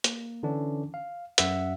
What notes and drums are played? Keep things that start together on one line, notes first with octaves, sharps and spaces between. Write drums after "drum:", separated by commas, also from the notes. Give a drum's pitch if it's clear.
A#3, drum: hi-hat
D3 E3 C#4 D4
F5
F#2 E5 F#5, drum: hi-hat